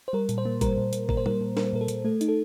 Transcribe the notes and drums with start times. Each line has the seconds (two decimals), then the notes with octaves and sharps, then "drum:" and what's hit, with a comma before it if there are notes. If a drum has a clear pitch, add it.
0.08 C5
0.13 G3 A#4
0.29 A#2, drum: hi-hat
0.38 C5
0.45 A#3
0.61 G3 A#4, drum: kick, hi-hat
0.77 A#2
0.93 A#2, drum: hi-hat
1.09 A#2 A#4, drum: kick
1.17 C5
1.26 G3 A#4, drum: tom A#2
1.41 A#2
1.57 G3 A#4, drum: snare
1.73 A#2 A#4
1.81 A4
1.88 A#2, drum: hi-hat
2.05 A3 A4
2.21 D#4, drum: hi-hat
2.28 A4